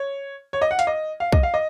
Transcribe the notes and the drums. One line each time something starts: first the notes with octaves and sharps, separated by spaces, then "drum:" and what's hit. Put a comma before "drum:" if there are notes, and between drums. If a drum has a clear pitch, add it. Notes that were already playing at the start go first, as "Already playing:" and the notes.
Already playing: C#5
C#5
D#5
F#5
F5, drum: hi-hat
D#5
F5
D#5, drum: kick
F5
D#5